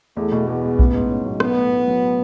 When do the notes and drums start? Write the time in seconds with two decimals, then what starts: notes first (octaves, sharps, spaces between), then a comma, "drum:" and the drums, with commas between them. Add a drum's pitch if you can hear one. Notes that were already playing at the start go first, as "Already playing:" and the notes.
0.17 E2 A3
0.32 B2
0.48 E2 B3
0.63 G#3
0.79 A1, drum: kick A#1
0.94 G#2
1.10 C#4
1.25 F#3
1.40 B1 B3, drum: rim click
1.56 A2
1.72 A3
1.87 F#3